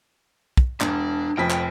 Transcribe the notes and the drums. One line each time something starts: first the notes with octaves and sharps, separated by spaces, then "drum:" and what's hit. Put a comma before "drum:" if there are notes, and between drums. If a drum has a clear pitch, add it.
drum: kick
E1 D4, drum: clap
F1 F2 G5 B6
drum: clap